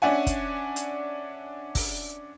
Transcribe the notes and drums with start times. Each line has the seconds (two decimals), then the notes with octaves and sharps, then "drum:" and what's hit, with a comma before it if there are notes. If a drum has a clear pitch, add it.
0.02 C#4 D4 E5 F#5 G#5
0.27 drum: kick, hi-hat
0.76 drum: hi-hat
1.75 drum: kick, open hi-hat